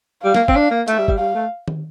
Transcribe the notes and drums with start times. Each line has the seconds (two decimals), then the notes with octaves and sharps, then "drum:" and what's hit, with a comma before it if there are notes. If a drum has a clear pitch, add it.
0.24 G3 F5
0.34 A#3, drum: snare
0.48 C4, drum: kick
0.56 D4
0.71 A#3
0.88 A3 E5, drum: hi-hat
0.98 G3
1.08 G3, drum: kick
1.19 G3 F5
1.34 A3
1.68 drum: tom D#3